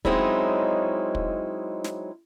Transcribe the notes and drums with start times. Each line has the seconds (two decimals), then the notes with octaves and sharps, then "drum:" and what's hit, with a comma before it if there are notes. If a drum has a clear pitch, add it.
0.05 F#3 G#3 C4 C#4 D#4 E4, drum: kick
1.15 drum: kick
1.84 drum: snare